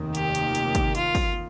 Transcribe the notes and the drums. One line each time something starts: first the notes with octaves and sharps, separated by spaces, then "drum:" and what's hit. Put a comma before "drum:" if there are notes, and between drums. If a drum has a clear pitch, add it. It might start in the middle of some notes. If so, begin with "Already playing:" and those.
Already playing: F1 D#2 D#3
G4, drum: hi-hat
drum: hi-hat
drum: hi-hat
drum: kick, hi-hat
F4, drum: hi-hat
drum: kick, open hi-hat